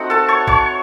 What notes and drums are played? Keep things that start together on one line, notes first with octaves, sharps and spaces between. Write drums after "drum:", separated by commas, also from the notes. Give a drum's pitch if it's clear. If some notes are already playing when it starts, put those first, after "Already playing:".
Already playing: A3 C4 D#4 F#4 F#5
A4 A5
C#5 C#6
C#5 C#6, drum: kick A#1